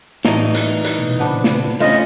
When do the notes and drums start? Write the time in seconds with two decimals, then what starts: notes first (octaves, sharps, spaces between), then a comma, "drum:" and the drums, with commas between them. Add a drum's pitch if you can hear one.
0.25 A2 E3 G3 D#4 D#5, drum: snare
0.55 drum: hi-hat
0.84 drum: hi-hat
0.99 B2
1.19 A#2 C#3 B3 D4 B4 C5
1.44 drum: snare
1.80 A3 C#4 D4 F4 C5 D#5 B5